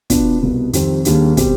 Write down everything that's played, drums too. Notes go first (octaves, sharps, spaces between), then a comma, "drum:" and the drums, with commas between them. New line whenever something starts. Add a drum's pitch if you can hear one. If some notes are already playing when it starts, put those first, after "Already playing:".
B2 B3 D4 F4, drum: kick, hi-hat
C2 B2 B3
F2 D#3 G3 C4, drum: hi-hat
D#2 D#3 G3 D4 G#4, drum: hi-hat
B2 G3 C4 G4, drum: kick, hi-hat